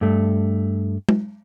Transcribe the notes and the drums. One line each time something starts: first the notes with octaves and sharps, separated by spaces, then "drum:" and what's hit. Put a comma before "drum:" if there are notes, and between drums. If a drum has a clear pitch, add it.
G2 A3
drum: tom